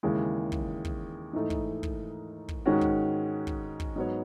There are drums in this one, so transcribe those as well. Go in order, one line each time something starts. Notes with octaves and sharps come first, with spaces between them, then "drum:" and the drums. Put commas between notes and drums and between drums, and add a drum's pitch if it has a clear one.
D#2 C#3 E3 G#3
drum: kick
drum: kick
G#2 E3 A3 D#4
drum: kick
drum: kick
drum: kick
G#2 D#3 G#3 C#4 F#4
drum: kick
drum: kick
drum: kick
G#2 F#3 B3 F#4 C#5